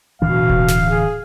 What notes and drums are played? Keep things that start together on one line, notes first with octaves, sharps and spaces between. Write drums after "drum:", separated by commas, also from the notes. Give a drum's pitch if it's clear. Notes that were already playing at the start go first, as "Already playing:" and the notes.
D1 B2 E3 D4 F5
drum: kick D#1
drum: snare
G#4